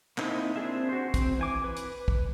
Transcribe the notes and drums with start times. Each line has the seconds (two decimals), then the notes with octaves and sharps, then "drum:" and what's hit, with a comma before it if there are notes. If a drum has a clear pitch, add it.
0.18 A#3 C4 D#4 E4 D#5, drum: clap
0.56 C4 D4 G#4 E5
0.89 F#4 C5
1.14 C4, drum: kick, hi-hat
1.39 E3 G#5 D6
1.64 B4
1.77 drum: hi-hat
2.08 drum: kick